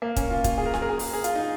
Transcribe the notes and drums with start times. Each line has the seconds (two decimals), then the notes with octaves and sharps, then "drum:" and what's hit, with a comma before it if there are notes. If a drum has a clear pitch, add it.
0.02 A#3
0.16 C#4, drum: kick, hi-hat
0.30 F4
0.44 F4, drum: kick, hi-hat
0.58 G#4
0.66 A#4
0.74 G#4, drum: snare
0.82 A#4
0.89 G#4
0.99 drum: open hi-hat
1.13 G#4
1.24 F4, drum: hi-hat
1.36 D#4